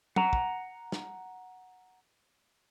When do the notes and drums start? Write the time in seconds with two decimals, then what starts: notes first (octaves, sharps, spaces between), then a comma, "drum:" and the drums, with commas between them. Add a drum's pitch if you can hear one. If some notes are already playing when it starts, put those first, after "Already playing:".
0.16 F#5 A#5, drum: tom
0.33 drum: kick
0.92 drum: snare